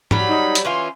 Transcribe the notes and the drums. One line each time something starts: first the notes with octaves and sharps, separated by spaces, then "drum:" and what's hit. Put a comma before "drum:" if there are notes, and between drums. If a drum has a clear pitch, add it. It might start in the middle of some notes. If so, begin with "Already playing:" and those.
F#3 G3 B5, drum: tom
D#4
drum: hi-hat
E3 C#4 F4 C6